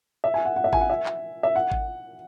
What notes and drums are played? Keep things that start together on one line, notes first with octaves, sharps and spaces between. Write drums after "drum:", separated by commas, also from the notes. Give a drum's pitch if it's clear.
E5
G#5
F#5
F#5
E5
G#5, drum: kick G#1
F#5
E5
drum: clap
E5
F#5
drum: kick G#1